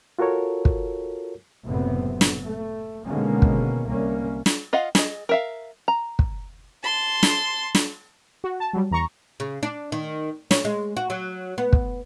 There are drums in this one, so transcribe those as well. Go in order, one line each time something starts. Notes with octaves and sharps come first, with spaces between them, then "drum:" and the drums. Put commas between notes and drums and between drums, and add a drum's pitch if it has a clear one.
F4 F#4 A4 A#4 C#5
drum: kick
F#1 A2 C3 B3 C4
drum: snare
A3
B2 D3 D#3 G#3 A#3 C#4
drum: kick
C2 A#3 C#4
drum: snare
F4 D#5 F5 F#5
G#4 D#5, drum: snare
A#4 E5 F5
A#5
drum: kick
A5 C6
drum: snare
drum: snare
F#4
A5
F#3 G3
E2 A#5 C#6
C#3
D4
D#3
C#4, drum: snare
G#3
F#4
F#3
B3
drum: kick